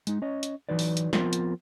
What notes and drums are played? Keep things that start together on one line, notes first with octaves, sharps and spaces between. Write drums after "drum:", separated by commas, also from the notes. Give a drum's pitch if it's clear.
G#3 D#4, drum: hi-hat
C#4 C#5 D#5
drum: hi-hat
E3 F#3 D#4 B4 D5
drum: open hi-hat
drum: hi-hat
F3 B3 C4 F4 A#4, drum: snare
drum: hi-hat